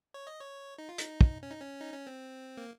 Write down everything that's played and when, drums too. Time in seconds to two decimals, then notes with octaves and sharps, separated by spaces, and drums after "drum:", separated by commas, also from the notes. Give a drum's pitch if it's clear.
0.14 C#5
0.27 D#5
0.40 C#5
0.78 D#4
0.89 F4
0.98 D#4, drum: hi-hat
1.21 drum: kick
1.43 C#4
1.51 D#4
1.61 C#4
1.80 D#4
1.94 C#4
2.07 C4
2.57 A#3